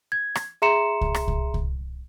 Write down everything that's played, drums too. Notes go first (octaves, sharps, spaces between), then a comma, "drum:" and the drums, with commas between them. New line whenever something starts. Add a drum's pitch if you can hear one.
G#6
drum: rim click
G#4 E5 A#5 C6 C#7 E7
drum: kick C2
drum: rim click
drum: kick C2
drum: kick C2